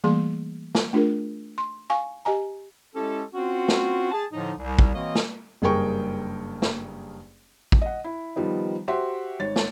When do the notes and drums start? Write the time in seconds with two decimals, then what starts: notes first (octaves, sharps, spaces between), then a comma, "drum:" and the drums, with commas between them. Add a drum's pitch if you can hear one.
0.04 E3 G3 A3 A#3 G#4 C6
0.75 drum: snare
0.93 A3 D4 F4 G#4 A#4
1.58 C6
1.90 F5 G#5 C#6
2.25 G4 D#5 G#5 A#5
2.95 G#3 C#4 E4 G4 A4
3.34 C4 C#4 F4 F#4
3.68 drum: snare
4.12 G#4 A5
4.32 A2 D3 F3 D#4
4.59 C2
4.79 drum: kick
4.94 E3 A#3 C4 F#4 C#5 D#5
5.15 drum: snare
5.62 F#1 G2 G#4 A#4 G5 C#6
6.62 drum: snare
7.72 drum: kick
7.82 D#5 F#5
8.04 E4
8.36 D#3 F3 G3 B3 D#4
8.88 F#4 G4 C5 E5 F#5 C6
9.40 G#1 C#5 A6
9.56 drum: snare